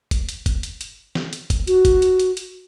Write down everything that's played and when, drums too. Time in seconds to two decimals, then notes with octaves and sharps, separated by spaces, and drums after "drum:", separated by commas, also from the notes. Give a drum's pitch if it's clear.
0.11 drum: kick F#1, hi-hat
0.29 drum: hi-hat
0.46 drum: kick F#1, hi-hat
0.63 drum: hi-hat
0.81 drum: hi-hat
1.15 drum: snare
1.33 drum: hi-hat
1.50 drum: kick F#1, hi-hat
1.67 F#4, drum: hi-hat
1.85 drum: kick F#1, hi-hat
2.02 drum: hi-hat
2.19 drum: hi-hat
2.37 drum: hi-hat